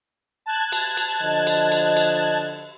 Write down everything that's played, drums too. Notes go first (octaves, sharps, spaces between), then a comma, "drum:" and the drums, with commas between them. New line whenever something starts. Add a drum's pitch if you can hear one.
A5 F#6 G#6
drum: cymbal
drum: cymbal
D3 F3 D#5
drum: cymbal
drum: cymbal
drum: cymbal